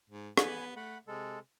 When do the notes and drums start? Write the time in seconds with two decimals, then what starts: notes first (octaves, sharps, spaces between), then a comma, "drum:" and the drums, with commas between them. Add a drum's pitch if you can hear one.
0.10 G#2
0.37 B3 G#5 B5, drum: rim click
0.76 A3 F#5 B5
1.07 C3 G#3 A4